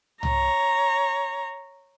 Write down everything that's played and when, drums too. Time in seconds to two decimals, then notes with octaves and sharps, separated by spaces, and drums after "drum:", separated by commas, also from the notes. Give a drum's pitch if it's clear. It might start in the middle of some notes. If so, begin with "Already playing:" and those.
0.23 C#5 A#5, drum: tom